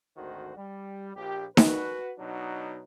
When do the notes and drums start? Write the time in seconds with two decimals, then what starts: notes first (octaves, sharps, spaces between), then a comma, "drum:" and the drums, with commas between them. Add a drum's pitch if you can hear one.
0.17 G#1 D2 D#3 F#4 C5
0.57 G3
1.16 A#1 G4
1.57 F#4 B4, drum: snare D#4
2.19 B2 F#3 D4 D#4